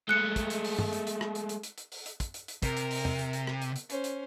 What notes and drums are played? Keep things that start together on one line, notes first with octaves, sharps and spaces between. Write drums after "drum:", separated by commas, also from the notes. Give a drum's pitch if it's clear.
G#3 A3 F#6 C#7
drum: kick, hi-hat
drum: hi-hat
drum: open hi-hat
drum: tom
drum: hi-hat
drum: hi-hat
drum: rim click
drum: hi-hat
drum: hi-hat
drum: hi-hat
drum: hi-hat
drum: open hi-hat
drum: hi-hat
drum: kick, hi-hat
drum: hi-hat
drum: hi-hat
C3 A#4, drum: kick, hi-hat
drum: hi-hat
drum: open hi-hat
drum: tom E2
drum: hi-hat
drum: hi-hat
drum: rim click
drum: hi-hat
drum: hi-hat
C#4 C5, drum: hi-hat
drum: hi-hat